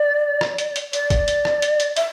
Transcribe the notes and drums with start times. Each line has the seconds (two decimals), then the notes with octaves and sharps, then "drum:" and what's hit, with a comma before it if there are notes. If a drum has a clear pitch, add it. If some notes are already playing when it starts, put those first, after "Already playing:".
Already playing: D5
0.41 drum: rim click
0.58 drum: hi-hat
0.76 drum: hi-hat
0.93 D5, drum: hi-hat
1.10 drum: kick, hi-hat
1.28 drum: hi-hat
1.45 drum: rim click
1.62 drum: hi-hat
1.80 drum: hi-hat
1.96 E5, drum: hi-hat